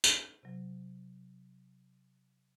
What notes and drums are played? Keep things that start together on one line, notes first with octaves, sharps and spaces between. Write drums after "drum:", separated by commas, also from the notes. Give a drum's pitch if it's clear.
drum: tambourine
C3 F#3